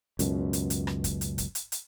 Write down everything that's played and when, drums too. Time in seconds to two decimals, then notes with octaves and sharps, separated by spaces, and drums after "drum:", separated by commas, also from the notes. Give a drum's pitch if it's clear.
0.19 C#2 F#2 B2, drum: hi-hat
0.53 drum: hi-hat
0.70 drum: hi-hat
0.87 drum: rim click
1.04 drum: kick, hi-hat
1.21 drum: hi-hat
1.38 drum: kick, hi-hat
1.55 drum: hi-hat
1.72 drum: hi-hat